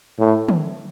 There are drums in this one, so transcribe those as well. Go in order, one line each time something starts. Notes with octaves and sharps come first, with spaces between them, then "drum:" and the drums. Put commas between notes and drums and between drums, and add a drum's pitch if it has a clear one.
A2
drum: tom